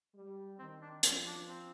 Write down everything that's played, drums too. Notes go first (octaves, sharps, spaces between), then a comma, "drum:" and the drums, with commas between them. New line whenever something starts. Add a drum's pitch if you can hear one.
G3
D#3 C4
D4
F3 C4, drum: hi-hat
D4
C4